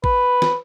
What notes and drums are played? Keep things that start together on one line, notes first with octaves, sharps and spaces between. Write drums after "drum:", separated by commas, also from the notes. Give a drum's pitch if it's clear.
B4, drum: kick
drum: snare